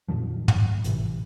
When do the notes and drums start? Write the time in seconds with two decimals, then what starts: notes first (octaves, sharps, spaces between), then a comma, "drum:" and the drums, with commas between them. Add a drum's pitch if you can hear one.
0.08 F2 A#2 D#3 F3
0.48 drum: tom
0.84 A1 C3 E3, drum: hi-hat